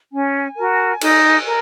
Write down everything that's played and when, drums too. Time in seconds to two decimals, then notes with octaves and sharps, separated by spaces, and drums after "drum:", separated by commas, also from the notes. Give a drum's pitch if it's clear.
0.12 C#4 G#5
0.57 F#4 A#4
1.01 D#4, drum: cymbal
1.46 A#4